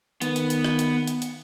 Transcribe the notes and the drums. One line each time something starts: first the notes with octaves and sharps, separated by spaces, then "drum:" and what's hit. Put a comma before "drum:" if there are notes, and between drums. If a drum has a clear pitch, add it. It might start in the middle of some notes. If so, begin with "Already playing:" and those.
D#3 B3, drum: hi-hat
drum: hi-hat
drum: hi-hat
drum: rim click
drum: hi-hat
drum: hi-hat
drum: hi-hat